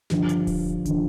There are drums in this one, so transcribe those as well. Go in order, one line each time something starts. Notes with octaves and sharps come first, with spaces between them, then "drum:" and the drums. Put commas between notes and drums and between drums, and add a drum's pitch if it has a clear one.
G2 D3 F3, drum: snare
drum: hi-hat
drum: kick D1, open hi-hat
D3 F3, drum: kick D1, hi-hat